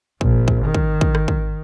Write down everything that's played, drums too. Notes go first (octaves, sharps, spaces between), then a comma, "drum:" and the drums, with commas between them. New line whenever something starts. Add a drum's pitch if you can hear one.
A#1, drum: kick
drum: kick
D#3
drum: kick
drum: kick
drum: rim click
drum: kick